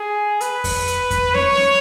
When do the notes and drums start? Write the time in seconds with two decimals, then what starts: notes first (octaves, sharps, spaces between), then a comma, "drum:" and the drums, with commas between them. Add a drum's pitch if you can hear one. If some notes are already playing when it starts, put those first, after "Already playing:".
Already playing: G#4
0.41 B4, drum: hi-hat
0.64 drum: kick F2, open hi-hat
0.87 drum: hi-hat
1.11 drum: kick F2, hi-hat
1.34 C#5, drum: snare
1.57 drum: snare